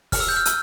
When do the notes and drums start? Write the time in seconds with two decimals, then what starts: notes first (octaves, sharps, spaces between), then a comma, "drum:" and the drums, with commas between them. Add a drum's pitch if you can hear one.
0.12 F6, drum: kick, open hi-hat
0.20 E6
0.29 G6
0.37 F6
0.45 E6, drum: hi-hat